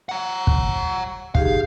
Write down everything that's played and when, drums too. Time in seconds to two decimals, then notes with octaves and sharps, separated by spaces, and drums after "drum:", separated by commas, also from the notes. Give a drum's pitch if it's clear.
0.09 F#5 A#5
0.47 drum: kick
1.35 D#4 G4 G#4 F5, drum: kick